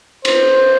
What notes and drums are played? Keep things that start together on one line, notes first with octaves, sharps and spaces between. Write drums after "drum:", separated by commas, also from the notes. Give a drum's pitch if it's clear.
C5, drum: cymbal